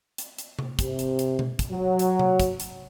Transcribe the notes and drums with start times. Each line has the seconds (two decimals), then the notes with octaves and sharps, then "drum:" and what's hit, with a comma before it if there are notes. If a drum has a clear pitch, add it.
0.18 drum: hi-hat
0.38 drum: hi-hat
0.59 drum: tom C3
0.79 C3, drum: kick, hi-hat
0.99 drum: hi-hat
1.19 drum: hi-hat
1.39 drum: tom B2
1.59 drum: kick, hi-hat
1.72 F#3
1.99 drum: hi-hat
2.19 drum: tom C3
2.40 drum: kick, hi-hat
2.60 drum: hi-hat